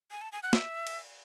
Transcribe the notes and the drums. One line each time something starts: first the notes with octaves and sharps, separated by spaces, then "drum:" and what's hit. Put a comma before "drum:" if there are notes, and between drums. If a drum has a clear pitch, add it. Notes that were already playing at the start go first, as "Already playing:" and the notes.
G#5
A5
G#5
F#5
E5, drum: snare
drum: cymbal